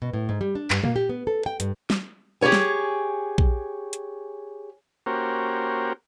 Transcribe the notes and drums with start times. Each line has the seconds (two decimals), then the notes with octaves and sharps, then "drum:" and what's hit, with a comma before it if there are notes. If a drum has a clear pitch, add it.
0.02 B2
0.13 A2
0.29 G#2
0.41 G3
0.55 D4
0.70 G2, drum: clap
0.84 A#3, drum: tom A#2
0.96 G4
1.09 B3
1.27 A4
1.46 G5
1.60 G2, drum: hi-hat
1.90 drum: snare
2.41 G4 G#4 A#4 C#5 G#5
2.52 drum: snare
3.38 drum: kick A#1
3.93 drum: hi-hat
5.06 A#3 C#4 F#4 G4 A#4 C5